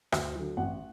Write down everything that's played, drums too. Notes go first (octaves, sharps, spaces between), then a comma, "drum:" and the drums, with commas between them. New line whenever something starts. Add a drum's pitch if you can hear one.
D2, drum: rim click
D3 F#3
A1 F#5